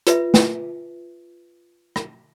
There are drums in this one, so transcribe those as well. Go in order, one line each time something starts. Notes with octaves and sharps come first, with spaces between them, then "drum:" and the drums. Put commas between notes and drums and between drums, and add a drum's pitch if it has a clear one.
F4 B4 E5, drum: hi-hat
drum: snare
drum: rim click